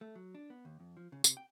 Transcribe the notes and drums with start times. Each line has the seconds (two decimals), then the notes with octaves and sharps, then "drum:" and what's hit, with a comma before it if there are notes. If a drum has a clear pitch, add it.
0.01 A3
0.15 F#3
0.35 D4
0.50 B3
0.65 D#2
0.80 F2
0.97 F3
1.12 C#3
1.24 C3, drum: tambourine
1.37 G5